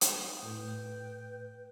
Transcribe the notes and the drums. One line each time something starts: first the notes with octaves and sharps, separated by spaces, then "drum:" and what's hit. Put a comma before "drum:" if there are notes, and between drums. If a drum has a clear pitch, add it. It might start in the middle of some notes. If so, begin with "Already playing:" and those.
D#6, drum: hi-hat
A2 B4 G5